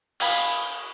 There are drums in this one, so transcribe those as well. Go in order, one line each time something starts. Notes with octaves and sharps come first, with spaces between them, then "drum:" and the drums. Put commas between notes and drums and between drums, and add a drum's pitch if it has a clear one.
F5 G#5 B5, drum: cymbal